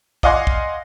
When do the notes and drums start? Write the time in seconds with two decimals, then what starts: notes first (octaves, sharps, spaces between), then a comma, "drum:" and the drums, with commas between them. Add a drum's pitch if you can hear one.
0.23 D5 D#5 F5 F#5 G#5 C6, drum: kick
0.47 drum: kick